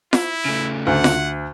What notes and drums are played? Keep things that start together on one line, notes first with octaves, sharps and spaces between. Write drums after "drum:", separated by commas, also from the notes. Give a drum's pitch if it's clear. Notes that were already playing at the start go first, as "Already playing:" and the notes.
E4, drum: snare F4
C#3 A3
D2 F#5
drum: snare F4